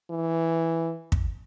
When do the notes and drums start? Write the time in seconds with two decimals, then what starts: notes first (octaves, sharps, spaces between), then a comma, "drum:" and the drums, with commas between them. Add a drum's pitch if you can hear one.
0.10 E3
1.12 drum: kick